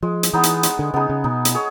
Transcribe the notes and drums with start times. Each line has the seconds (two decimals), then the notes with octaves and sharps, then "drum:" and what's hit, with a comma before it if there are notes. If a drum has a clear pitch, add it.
0.02 F3 G#3
0.23 drum: hi-hat
0.33 E3 B3 D#4 G#4
0.43 drum: hi-hat
0.63 G#3, drum: hi-hat
0.79 D3
0.94 C#3 B3 D#4 G#4
1.10 C#3
1.24 B2 D#4
1.45 drum: hi-hat
1.55 G#4 C#5